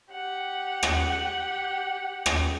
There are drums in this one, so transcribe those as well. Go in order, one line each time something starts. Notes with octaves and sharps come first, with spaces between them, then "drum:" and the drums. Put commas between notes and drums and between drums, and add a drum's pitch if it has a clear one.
G4 F#5
drum: rim click
drum: rim click